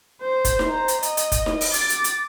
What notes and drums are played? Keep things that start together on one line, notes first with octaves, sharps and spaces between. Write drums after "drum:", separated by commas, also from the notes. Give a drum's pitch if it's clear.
C5
drum: kick, hi-hat
drum: snare D#4
C5 A#5
drum: hi-hat
D#5, drum: hi-hat
drum: hi-hat
drum: kick, hi-hat
drum: snare D#4
drum: open hi-hat
D6 A6, drum: hi-hat
drum: hi-hat
drum: hi-hat